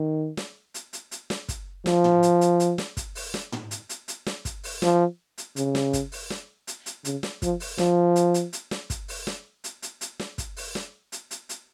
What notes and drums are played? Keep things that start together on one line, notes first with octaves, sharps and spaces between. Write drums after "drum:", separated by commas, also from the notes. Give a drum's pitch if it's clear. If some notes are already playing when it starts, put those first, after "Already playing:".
Already playing: D#3
drum: snare
drum: hi-hat
drum: hi-hat
drum: hi-hat
drum: snare
drum: kick, hi-hat
F3, drum: snare
drum: tom
drum: hi-hat
drum: hi-hat
drum: hi-hat
drum: snare
drum: kick, hi-hat
drum: open hi-hat
drum: snare
drum: tom
drum: hi-hat
drum: hi-hat
drum: hi-hat
drum: snare
drum: kick, hi-hat
drum: open hi-hat
F3, drum: snare
drum: hi-hat
C#3, drum: hi-hat
drum: snare
drum: kick, hi-hat
drum: open hi-hat
drum: snare
drum: hi-hat
drum: hi-hat
C#3, drum: hi-hat
drum: snare
F3, drum: kick, hi-hat
drum: open hi-hat
F3, drum: snare
drum: hi-hat
drum: hi-hat
drum: hi-hat
drum: snare
drum: kick, hi-hat
drum: open hi-hat
drum: snare
drum: hi-hat
drum: hi-hat
drum: hi-hat
drum: snare
drum: kick, hi-hat
drum: open hi-hat
drum: snare
drum: hi-hat
drum: hi-hat
drum: hi-hat